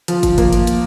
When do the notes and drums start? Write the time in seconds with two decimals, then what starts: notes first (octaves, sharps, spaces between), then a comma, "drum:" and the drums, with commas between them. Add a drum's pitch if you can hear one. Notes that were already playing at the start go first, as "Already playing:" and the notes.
0.08 F3, drum: hi-hat
0.23 drum: kick, hi-hat
0.38 A#3, drum: kick, hi-hat
0.53 drum: hi-hat
0.67 drum: hi-hat